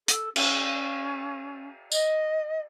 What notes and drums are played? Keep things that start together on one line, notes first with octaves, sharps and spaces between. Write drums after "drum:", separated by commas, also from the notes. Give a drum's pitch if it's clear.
A4, drum: hi-hat
C#4, drum: cymbal
D#5, drum: tambourine